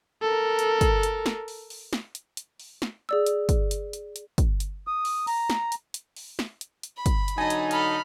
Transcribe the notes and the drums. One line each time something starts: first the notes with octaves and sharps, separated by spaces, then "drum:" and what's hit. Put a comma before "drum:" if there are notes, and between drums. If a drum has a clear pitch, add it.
A4 A#4
drum: hi-hat
drum: kick, hi-hat
drum: hi-hat
drum: snare
drum: open hi-hat
drum: open hi-hat
drum: snare
drum: hi-hat
drum: hi-hat
drum: open hi-hat
drum: snare
G#4 D5 E6
drum: hi-hat
drum: kick, hi-hat
drum: hi-hat
drum: hi-hat
drum: hi-hat
drum: kick, hi-hat
drum: hi-hat
D#6
drum: open hi-hat
A#5, drum: open hi-hat
drum: snare
drum: hi-hat
drum: hi-hat
drum: open hi-hat
drum: snare
drum: hi-hat
drum: hi-hat
B5
drum: kick, hi-hat
drum: hi-hat
D3 F#3 D#4 D#5 G#5 A5
drum: hi-hat
A4 B5 F6, drum: hi-hat